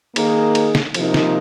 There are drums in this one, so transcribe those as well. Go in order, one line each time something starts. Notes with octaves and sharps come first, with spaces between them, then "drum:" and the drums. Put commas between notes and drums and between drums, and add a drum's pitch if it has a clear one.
D#3 A#3 D#4 G#4, drum: cymbal
drum: cymbal
drum: snare
C3 F3 A#3 D#4, drum: cymbal
drum: snare